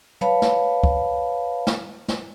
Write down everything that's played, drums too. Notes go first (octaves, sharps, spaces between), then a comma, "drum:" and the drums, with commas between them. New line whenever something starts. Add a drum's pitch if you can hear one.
B4 C#5 F5 A5 B5, drum: tom
drum: snare
drum: kick
drum: snare
drum: snare